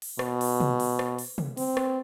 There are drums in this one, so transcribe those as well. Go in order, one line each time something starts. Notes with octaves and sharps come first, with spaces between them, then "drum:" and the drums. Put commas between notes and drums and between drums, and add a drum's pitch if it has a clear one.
drum: open hi-hat
B2, drum: rim click
drum: open hi-hat
drum: tom
drum: open hi-hat
drum: rim click
drum: open hi-hat
drum: tom
C4, drum: open hi-hat
drum: rim click